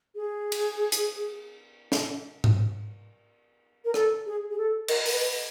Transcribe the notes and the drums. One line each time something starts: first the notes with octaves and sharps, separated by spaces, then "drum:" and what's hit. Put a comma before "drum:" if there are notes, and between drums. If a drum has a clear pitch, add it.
G#4
drum: cymbal
drum: hi-hat
drum: snare
drum: tom G#2
A#4
A4, drum: rim click
G#4
G#4
A4
A#4, drum: cymbal
A#4, drum: open hi-hat
B4